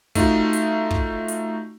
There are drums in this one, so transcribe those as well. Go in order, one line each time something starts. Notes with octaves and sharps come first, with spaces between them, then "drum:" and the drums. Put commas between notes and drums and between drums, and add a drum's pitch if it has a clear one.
A3 D#4 F4 F#4, drum: kick, hi-hat
drum: hi-hat
drum: kick
drum: hi-hat